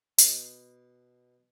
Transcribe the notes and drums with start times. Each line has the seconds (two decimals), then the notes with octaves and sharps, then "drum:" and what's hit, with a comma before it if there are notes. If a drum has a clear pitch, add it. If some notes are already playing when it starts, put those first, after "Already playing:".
0.18 B2, drum: hi-hat